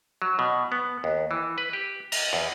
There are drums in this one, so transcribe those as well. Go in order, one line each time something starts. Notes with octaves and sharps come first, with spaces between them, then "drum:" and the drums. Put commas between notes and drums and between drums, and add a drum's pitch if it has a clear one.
F#3
B2
B3
D#2
E3
B4
G4
A#5, drum: cymbal
E2